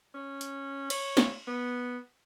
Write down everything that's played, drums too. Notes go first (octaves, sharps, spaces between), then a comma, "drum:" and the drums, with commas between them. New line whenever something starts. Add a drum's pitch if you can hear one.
C#4
drum: hi-hat
C#5, drum: cymbal
drum: snare
B3